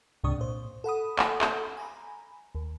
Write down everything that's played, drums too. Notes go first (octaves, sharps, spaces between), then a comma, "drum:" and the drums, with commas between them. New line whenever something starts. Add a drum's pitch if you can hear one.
C#2 G#2 C3 D4 C#6 D#6
A#2 C5
A4 F#5 B5 D#6
drum: clap
drum: clap
G#5 A#5 B5
D#2